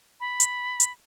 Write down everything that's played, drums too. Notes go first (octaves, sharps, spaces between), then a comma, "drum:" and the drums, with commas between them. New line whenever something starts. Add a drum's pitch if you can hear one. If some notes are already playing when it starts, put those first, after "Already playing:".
B5
drum: hi-hat
drum: hi-hat